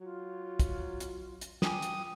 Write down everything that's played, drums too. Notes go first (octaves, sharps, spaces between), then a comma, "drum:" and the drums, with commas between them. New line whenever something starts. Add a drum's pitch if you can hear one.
F#3 F4
drum: kick, hi-hat
drum: hi-hat
drum: hi-hat
F4 G5 G#5 D6 D#6, drum: snare
drum: hi-hat